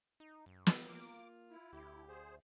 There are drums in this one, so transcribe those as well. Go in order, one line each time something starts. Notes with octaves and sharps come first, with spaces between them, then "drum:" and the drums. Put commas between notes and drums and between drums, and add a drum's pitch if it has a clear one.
D#4
F#2
drum: snare
A#3 F4 D6
E4
D2 G4
G#4 C5